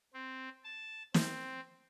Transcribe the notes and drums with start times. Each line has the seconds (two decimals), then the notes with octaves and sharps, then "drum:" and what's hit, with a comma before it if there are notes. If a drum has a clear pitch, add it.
0.13 C4
0.64 A5
1.14 C4, drum: snare